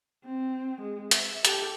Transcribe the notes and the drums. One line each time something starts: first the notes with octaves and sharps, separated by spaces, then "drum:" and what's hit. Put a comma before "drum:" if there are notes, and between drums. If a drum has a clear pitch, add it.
C4
G#3
E5, drum: hi-hat
G4 A4, drum: hi-hat